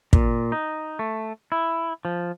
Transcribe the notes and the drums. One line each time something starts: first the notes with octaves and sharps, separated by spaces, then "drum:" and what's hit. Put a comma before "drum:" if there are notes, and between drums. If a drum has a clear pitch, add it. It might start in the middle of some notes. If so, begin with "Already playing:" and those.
A#2, drum: kick
D#4
A3
E4
F3